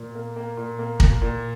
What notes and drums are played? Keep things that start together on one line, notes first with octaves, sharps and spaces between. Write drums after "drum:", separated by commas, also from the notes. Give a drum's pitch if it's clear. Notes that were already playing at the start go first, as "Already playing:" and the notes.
Already playing: A#2 A#3
A#3
A#3
A#2
A#3
A#3, drum: kick
A#2